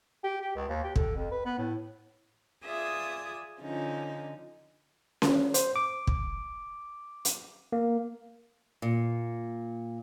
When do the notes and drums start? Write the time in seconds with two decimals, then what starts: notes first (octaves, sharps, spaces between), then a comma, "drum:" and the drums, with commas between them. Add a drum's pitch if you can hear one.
0.24 G4
0.41 G4
0.55 C#2
0.69 D#2
0.84 G4
0.96 D3, drum: kick
1.15 F2
1.31 B4
1.45 B3
1.58 A2
2.65 F4 G#4 D5 E5 D#6
3.60 D3 F3 C#4 D#4
5.22 drum: snare C#4
5.54 C5, drum: hi-hat
5.76 D6
6.07 drum: kick
7.25 drum: hi-hat
7.72 A#3
8.82 A#2